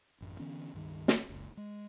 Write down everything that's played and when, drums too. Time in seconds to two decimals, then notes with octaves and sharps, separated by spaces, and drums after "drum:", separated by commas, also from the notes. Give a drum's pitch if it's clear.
0.21 A1 F#2
0.39 D3 E3 B3 C#4
0.73 C#2 G2 D#3
1.08 drum: snare
1.30 F#1 C#2
1.57 G#3